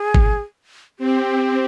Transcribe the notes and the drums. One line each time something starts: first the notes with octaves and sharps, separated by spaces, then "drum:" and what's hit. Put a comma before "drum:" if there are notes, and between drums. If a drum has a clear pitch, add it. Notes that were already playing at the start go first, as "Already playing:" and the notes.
Already playing: G#4
drum: kick
C4 G4